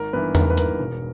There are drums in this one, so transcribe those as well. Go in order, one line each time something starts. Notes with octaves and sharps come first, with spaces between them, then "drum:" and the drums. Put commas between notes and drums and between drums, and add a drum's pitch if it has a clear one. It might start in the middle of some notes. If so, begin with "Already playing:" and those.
Already playing: G#1 A#4
G2 E3 B3 B4
G#1 A#4, drum: tom E2
B4
G2 E3 A#4, drum: hi-hat
E1